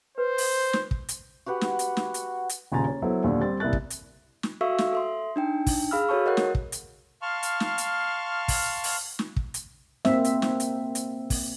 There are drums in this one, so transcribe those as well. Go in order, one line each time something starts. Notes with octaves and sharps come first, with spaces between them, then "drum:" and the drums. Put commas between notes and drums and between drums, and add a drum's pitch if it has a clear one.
B4 C5
drum: open hi-hat
drum: snare
drum: kick
drum: hi-hat
F#4 G4 B4 F#5
drum: snare
drum: hi-hat
drum: snare
drum: hi-hat
drum: hi-hat
D#1 C#3 F4 G#5 A#5 A6
C#4
F#3 B3 E4 A4 C5 E5
D#2 A#2 D3
G3 C4 A6
C2 A#3 E4 F#6 A6
drum: kick
drum: hi-hat
drum: snare
F#4 A4 E5 F5 C#6 E6
drum: snare
A4 E5 C6
D4 D#4 G5
drum: kick, open hi-hat
G#4 F5 B5 E6 F6
F#4 A4 C#5 A5 C#6
A#4 D#5 F#5 F#6
drum: snare
drum: kick
drum: hi-hat
F5 A5 C6 C#6 F6
drum: hi-hat
drum: snare
drum: hi-hat
drum: kick, open hi-hat
drum: open hi-hat
drum: snare
drum: kick
drum: hi-hat
A#3 C4 E5, drum: snare
drum: hi-hat
drum: snare
drum: hi-hat
drum: hi-hat
drum: kick, open hi-hat